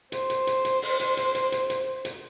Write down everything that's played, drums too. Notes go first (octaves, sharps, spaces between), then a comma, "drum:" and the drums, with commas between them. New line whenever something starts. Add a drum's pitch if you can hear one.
C5, drum: hi-hat
drum: hi-hat
drum: hi-hat
drum: hi-hat
drum: open hi-hat
drum: hi-hat
drum: hi-hat
drum: hi-hat
drum: hi-hat
drum: hi-hat
drum: hi-hat